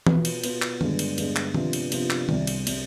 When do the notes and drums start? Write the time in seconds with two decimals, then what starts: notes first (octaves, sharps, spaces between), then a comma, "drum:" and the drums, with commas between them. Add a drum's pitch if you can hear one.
0.07 B2 B3 F4, drum: tom E3
0.25 drum: cymbal
0.44 B2 B3 F4, drum: cymbal
0.62 drum: clap
0.81 G2 D3 G#3 B3, drum: tom D#3
0.99 drum: cymbal
1.18 G2 D3 G#3 B3, drum: cymbal
1.36 drum: clap
1.54 C3 F3 B3 D4 F4, drum: tom D#3
1.73 drum: cymbal
1.92 C3 F3 B3 D4 F4, drum: cymbal
2.10 drum: clap
2.29 C2 C3 G3, drum: tom D#3
2.47 drum: cymbal
2.67 C3 G3, drum: cymbal